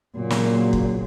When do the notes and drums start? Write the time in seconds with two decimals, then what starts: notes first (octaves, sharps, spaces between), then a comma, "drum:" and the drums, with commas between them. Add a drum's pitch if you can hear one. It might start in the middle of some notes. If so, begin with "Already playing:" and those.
0.16 A#2 C#3 F#3 A#3
0.30 drum: snare
0.73 drum: kick